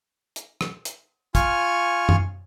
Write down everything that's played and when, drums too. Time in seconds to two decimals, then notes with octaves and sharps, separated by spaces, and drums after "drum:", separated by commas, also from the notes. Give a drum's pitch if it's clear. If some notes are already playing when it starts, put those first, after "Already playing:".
0.36 drum: hi-hat
0.61 drum: rim click
0.85 drum: hi-hat
1.35 F4 G#5 C#6 F6, drum: kick, hi-hat
2.09 drum: tom F#2